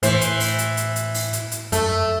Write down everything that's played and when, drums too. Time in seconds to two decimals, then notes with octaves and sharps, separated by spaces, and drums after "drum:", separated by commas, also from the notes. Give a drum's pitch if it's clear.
0.03 A2 E3 C5, drum: hi-hat
0.21 drum: hi-hat
0.40 drum: open hi-hat
0.59 drum: hi-hat
0.77 drum: hi-hat
0.96 drum: hi-hat
1.14 drum: open hi-hat
1.33 drum: hi-hat
1.52 drum: hi-hat
1.72 F#2 A3, drum: hi-hat